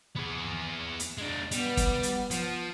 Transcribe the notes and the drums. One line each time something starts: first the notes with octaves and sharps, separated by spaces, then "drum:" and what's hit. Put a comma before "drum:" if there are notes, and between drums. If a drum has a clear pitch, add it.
B3 G#4
drum: hi-hat
G#3 D4
G3 B3, drum: hi-hat
drum: kick, hi-hat
drum: hi-hat
F3, drum: hi-hat